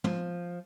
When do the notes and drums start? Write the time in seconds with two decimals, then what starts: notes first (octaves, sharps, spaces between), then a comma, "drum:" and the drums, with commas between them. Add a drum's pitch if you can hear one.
0.04 F3, drum: tom